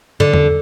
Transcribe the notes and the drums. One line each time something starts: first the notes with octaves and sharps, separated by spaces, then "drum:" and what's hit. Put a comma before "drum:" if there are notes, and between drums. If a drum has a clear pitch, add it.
D3
drum: tom E2